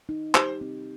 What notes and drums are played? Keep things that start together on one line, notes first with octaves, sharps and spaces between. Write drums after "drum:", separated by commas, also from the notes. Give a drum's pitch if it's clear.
D#4
G4 C5, drum: clap
C4